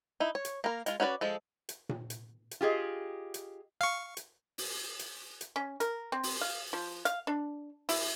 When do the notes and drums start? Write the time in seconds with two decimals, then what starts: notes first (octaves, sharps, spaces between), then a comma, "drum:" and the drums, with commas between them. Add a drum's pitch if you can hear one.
0.20 D#4 E4
0.35 C#5
0.45 drum: hi-hat
0.64 A#3 A#4
0.86 G#3 F4, drum: hi-hat
1.00 C#4 F#4 B4 C5 D5
1.21 F3 G#3 A4
1.69 drum: hi-hat
1.89 drum: tom A#2
2.10 drum: hi-hat
2.51 drum: hi-hat
2.61 F4 G4 G#4 D#5
3.34 drum: hi-hat
3.81 F5 C#6
4.17 drum: hi-hat
4.58 drum: open hi-hat
4.99 drum: hi-hat
5.41 drum: hi-hat
5.56 C#4
5.80 A#4, drum: hi-hat
6.12 C4
6.23 drum: open hi-hat
6.41 F5
6.73 F3
7.05 F5, drum: hi-hat
7.27 D4
7.89 E4, drum: open hi-hat